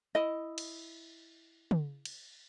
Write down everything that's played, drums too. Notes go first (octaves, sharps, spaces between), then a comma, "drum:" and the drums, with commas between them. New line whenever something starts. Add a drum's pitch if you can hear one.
E4 D#5
drum: cymbal
drum: tom
drum: cymbal